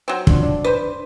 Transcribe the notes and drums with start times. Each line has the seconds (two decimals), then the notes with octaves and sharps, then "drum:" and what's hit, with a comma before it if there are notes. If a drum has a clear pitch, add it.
0.08 F#3 C4
0.27 B2 F3 D4, drum: kick
0.43 D4
0.64 B4 C5